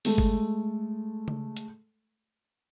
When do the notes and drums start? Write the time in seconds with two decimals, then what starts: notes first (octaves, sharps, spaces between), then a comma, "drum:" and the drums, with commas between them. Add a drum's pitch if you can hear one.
0.05 G#3 A3 A4, drum: open hi-hat
0.18 drum: kick G1
1.28 drum: tom C#3
1.56 drum: hi-hat